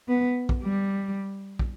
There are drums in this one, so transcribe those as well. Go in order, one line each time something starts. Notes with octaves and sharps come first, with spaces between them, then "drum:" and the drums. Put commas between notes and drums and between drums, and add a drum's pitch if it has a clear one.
B3
drum: kick
G3
drum: kick